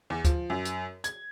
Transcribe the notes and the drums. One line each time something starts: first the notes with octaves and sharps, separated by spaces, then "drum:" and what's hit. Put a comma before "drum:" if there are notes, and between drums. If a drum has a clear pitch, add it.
E2
F3, drum: kick, hi-hat
F#2
drum: hi-hat
G#6, drum: hi-hat